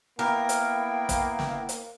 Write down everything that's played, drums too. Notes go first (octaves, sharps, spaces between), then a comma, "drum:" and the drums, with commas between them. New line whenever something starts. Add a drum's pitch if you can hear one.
A#3 B3 E4 A#4 G5
drum: hi-hat
drum: kick, hi-hat
drum: snare
drum: hi-hat